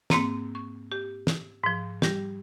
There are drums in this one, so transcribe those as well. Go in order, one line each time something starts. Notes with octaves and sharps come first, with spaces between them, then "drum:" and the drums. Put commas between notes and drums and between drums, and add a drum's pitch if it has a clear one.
G#2 A#3 C4 A#5, drum: snare
C#6
G4
drum: snare
G#2 F3
G3 G4, drum: snare